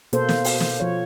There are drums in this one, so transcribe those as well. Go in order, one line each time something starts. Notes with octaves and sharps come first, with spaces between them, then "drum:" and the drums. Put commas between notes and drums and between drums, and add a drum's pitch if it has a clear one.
B2 A#3 A4 C5, drum: hi-hat
drum: snare
drum: open hi-hat
drum: snare
F3 C#5